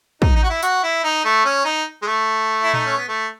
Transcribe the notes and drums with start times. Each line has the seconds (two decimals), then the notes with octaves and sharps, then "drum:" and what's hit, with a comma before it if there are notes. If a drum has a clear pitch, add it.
0.22 D#4, drum: kick
0.35 D#4
0.43 F#4
0.50 E4
0.63 F#4, drum: tambourine
0.83 E4
1.04 D#4
1.25 A3
1.45 C#4
1.65 D#4
2.02 G#3
2.07 A3
2.63 E4
2.74 D#4, drum: tom A#2
2.85 C#4
2.97 B3
3.08 A3